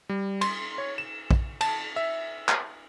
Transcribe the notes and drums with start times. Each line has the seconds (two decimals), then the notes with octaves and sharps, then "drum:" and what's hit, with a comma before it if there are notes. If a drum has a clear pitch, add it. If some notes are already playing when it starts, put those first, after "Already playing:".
0.09 G3
0.41 C6, drum: cymbal
0.78 C#5
0.98 E7
1.31 drum: kick
1.61 A5, drum: cymbal
1.96 E5
2.48 drum: clap